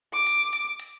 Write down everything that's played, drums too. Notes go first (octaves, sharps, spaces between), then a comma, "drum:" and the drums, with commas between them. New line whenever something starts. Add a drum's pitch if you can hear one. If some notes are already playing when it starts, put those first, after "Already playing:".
D6
drum: open hi-hat
drum: hi-hat
drum: hi-hat